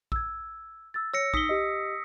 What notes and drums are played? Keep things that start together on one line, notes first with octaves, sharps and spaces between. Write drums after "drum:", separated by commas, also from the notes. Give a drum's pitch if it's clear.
E6 G#6, drum: kick A#1
E6 A6
C#5 E6 A#6 C#7
D#4 D#6 B6 G7, drum: kick A#1
G4 D#5